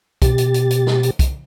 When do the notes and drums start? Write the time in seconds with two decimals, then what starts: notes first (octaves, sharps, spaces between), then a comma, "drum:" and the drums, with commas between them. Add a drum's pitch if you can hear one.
0.22 B2 G4 A6, drum: kick, hi-hat
0.38 drum: hi-hat
0.54 drum: hi-hat
0.70 drum: hi-hat
0.87 drum: snare
1.03 drum: hi-hat
1.19 drum: kick, hi-hat